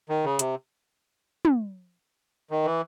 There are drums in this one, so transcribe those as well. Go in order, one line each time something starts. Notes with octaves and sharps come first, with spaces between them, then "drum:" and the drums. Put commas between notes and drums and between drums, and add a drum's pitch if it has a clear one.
D#3
C#3
C3, drum: hi-hat
drum: tom
D#3
E3